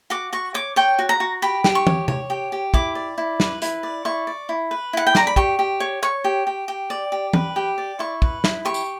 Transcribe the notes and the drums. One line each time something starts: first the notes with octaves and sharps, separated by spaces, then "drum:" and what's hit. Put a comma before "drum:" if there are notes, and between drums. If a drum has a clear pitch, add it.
F#4 D6
F#4 C#6
C#5 D6
C#5 G5
F#4
A#5
F#4
G4 B5
G4, drum: snare
C#6
C#5, drum: tom
C#5, drum: tom C3
G4
G4
E4 D6, drum: kick
D5
E4
B4, drum: snare
E4, drum: hi-hat
D5
E4 C#6
D5
E4
B4
E4 F#5
G5
D5 A#5, drum: snare
B5
G4 C#6, drum: kick
G4
C#5
C#5 C#6
G4
G4
G4
D5
G4
B4, drum: tom E3
G4
D5
E4 C#6
B4, drum: kick
E4, drum: snare
G4 C#6
drum: tambourine